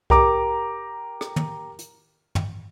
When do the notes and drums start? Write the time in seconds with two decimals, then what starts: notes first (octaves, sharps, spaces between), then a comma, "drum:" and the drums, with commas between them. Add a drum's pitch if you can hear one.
0.10 G4 A#4 A#5 D6, drum: kick C2
1.21 drum: rim click
1.36 drum: tom
1.79 drum: hi-hat
2.35 drum: tom